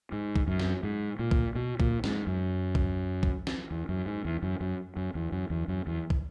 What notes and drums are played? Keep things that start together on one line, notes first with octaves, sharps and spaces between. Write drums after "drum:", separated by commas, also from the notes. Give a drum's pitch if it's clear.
G#2
drum: kick
F#2
drum: snare
G#2
A#2
drum: kick
B2
A#2, drum: kick
G#2, drum: snare
F#2
drum: kick
drum: kick
drum: snare
E2
F#2
G#2
E2
F#2
F#2
F#2
E2
F#2
E2
F#2
E2
drum: kick